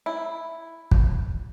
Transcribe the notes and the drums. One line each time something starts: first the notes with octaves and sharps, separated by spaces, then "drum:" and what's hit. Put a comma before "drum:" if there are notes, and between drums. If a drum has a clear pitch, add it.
E4
drum: kick